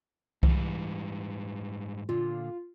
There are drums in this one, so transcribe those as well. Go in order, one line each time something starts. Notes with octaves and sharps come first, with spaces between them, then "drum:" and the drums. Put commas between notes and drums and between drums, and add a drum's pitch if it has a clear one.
G#2 E3 G3, drum: kick C2
A#2 D3 F4